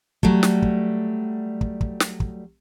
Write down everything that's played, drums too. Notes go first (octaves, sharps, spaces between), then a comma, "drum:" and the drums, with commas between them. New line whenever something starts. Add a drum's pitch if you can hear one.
F#3 G3 A3, drum: kick
drum: snare
drum: kick
drum: kick
drum: kick
drum: snare
drum: kick